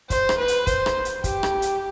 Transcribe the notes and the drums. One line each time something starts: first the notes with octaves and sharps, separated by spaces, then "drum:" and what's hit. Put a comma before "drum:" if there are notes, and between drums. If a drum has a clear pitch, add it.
C5, drum: kick, hi-hat
drum: rim click
B4
drum: hi-hat
C5, drum: kick, hi-hat
drum: rim click
drum: hi-hat
G4, drum: kick, hi-hat
drum: rim click
drum: hi-hat